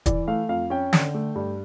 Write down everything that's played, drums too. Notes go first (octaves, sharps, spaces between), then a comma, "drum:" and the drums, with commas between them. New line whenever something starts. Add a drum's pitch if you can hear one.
E3 D5, drum: kick, hi-hat
A3 F5
F2 F5
C#4 G5
D3, drum: snare
A3
G2